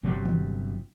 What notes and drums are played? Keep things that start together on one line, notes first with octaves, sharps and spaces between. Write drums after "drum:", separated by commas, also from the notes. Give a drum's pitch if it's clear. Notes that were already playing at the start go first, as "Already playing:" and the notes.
G1 C3 F#3 G3
drum: tom D#3